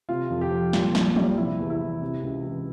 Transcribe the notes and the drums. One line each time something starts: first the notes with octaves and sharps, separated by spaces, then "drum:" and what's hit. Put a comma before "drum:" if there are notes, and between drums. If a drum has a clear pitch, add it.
C3 F4
F2
G4
F3
A#2 F4, drum: snare
A#1, drum: snare
G3, drum: tom F3
C3 E4
E2
E4
E3
C3
C#2
E3